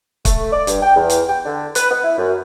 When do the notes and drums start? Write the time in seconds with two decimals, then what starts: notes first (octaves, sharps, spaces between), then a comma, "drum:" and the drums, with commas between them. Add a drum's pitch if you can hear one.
0.25 A3, drum: kick, hi-hat
0.52 D5
0.67 G2, drum: hi-hat
0.82 G5
0.95 E2
1.10 drum: hi-hat
1.28 G5
1.45 D3
1.75 B4, drum: hi-hat
1.91 B3
2.03 E4
2.18 F#2